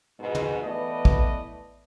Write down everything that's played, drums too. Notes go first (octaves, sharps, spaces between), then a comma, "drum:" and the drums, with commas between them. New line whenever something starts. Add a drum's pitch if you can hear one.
F2 G#2 B2
drum: tom
E3 A3 B3 B4 D5 D#5
drum: kick